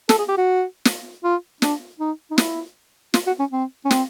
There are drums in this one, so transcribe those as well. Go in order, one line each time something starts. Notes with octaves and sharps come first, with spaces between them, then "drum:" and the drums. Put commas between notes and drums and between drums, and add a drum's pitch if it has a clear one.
A4, drum: snare
G#4
G4
F#4
drum: snare
F4
D4, drum: snare
D#4
D#4
E4, drum: snare
F4, drum: snare
F#4
C#4
C4
C#4
C4, drum: snare